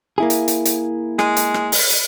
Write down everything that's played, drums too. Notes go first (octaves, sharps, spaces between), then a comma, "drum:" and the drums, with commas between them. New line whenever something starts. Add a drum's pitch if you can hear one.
A#3 E4 G#4
drum: hi-hat
drum: hi-hat
drum: hi-hat
G#3, drum: rim click
drum: hi-hat
drum: rim click
drum: open hi-hat
drum: hi-hat